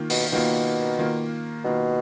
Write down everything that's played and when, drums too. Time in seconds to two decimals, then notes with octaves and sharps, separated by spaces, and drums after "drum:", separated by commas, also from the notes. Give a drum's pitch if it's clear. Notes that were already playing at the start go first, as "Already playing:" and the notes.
Already playing: D#3 A#3 F4
0.10 B2, drum: open hi-hat
0.32 B2 D#3 A#3 F4
0.99 D#3 A#3 F4
1.64 B2 D#3 A#3 F4